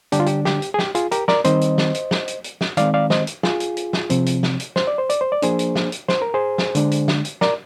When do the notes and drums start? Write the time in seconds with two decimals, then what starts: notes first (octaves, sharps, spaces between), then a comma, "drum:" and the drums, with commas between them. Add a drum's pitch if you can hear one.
0.12 D3 G3 D4 G4, drum: hi-hat
0.20 F4
0.26 G4, drum: hi-hat
0.45 G4, drum: snare
0.62 drum: hi-hat
0.74 G#4
0.79 G4, drum: snare
0.95 F4 G#4, drum: hi-hat
1.11 G4 A#4, drum: hi-hat
1.28 A#4 D5, drum: snare
1.44 D#3 G3 C4 C5 D#5, drum: hi-hat
1.61 drum: hi-hat
1.78 drum: snare
1.94 drum: hi-hat
2.11 drum: snare
2.28 drum: hi-hat
2.44 drum: hi-hat
2.61 drum: snare
2.77 D#3 G#3 C4 D5 F5, drum: hi-hat
2.94 D5 F5
3.10 C5 D#5, drum: snare
3.27 drum: hi-hat
3.43 F4 G#4, drum: snare
3.60 drum: hi-hat
3.77 drum: hi-hat
3.93 drum: snare
4.10 C3 F3 C4, drum: hi-hat
4.26 drum: hi-hat
4.43 drum: snare
4.60 drum: hi-hat
4.76 C5, drum: snare
4.87 D5
4.98 C5
5.10 D5, drum: hi-hat
5.21 C5
5.32 D5
5.42 F3 A#3 D4 G#4 C5, drum: hi-hat
5.59 drum: hi-hat
5.76 drum: snare
5.92 drum: hi-hat
6.09 C5, drum: snare
6.22 A#4
6.34 G#4 C5
6.58 drum: snare
6.75 D3 G#3 D4, drum: hi-hat
6.91 drum: hi-hat
7.08 drum: snare
7.25 drum: hi-hat
7.41 A#4 D5, drum: snare